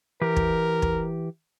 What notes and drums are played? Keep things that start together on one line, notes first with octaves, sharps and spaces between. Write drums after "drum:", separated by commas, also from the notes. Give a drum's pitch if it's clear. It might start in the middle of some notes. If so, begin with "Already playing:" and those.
E3 G4 A#4
drum: kick
drum: kick